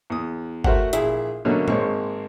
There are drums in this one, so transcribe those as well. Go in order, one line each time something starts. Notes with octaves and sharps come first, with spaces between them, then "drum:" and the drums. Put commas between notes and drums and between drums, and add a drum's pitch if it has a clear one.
E2 D#6
A3 F#4 A#4 C5 E5 F#5, drum: kick G1
A#1 E4 G#4 E5, drum: hi-hat
B2 D3 F#3 A3 A#3 C#4
G#1 G#3 A#3 C4 C#5 C#6, drum: tom A2